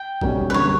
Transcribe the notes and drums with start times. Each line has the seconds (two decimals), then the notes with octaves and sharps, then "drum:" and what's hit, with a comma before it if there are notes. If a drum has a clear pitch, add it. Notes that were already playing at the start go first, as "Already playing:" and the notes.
Already playing: G5
0.21 B1 B2 G3 C#4, drum: kick
0.50 B4
0.54 F#1 F#2 D3 G3 C#5